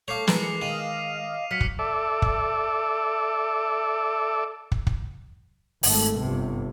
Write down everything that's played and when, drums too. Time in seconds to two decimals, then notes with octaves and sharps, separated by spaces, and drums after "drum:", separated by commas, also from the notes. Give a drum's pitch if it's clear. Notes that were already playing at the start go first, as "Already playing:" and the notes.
0.08 A3 C#5 F5 D6 C7 F7
0.27 E3 G#3 A#4 B4 C#7, drum: snare
0.62 D#3 D#5 F5 D#7 F7
1.51 F#3 F6 B6 C#7
1.61 drum: kick
1.79 A4 D5 E5
2.22 drum: kick
4.72 drum: kick
4.87 drum: kick
5.83 G#1 A3, drum: open hi-hat
6.19 G1 C3